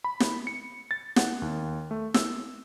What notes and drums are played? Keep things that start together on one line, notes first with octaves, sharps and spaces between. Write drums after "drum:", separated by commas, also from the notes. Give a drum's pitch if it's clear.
B5
drum: snare
C#7
A6
F#5, drum: snare
D#2
A3
E6, drum: snare